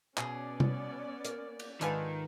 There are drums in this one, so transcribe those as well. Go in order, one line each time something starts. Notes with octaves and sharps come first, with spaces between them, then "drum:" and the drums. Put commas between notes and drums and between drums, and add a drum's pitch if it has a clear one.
B2 B3 C#4 G#4 D5, drum: clap
drum: tom C3
A#3, drum: hi-hat
drum: cymbal
G#2 D3 D#3 F4 B4 G#5, drum: hi-hat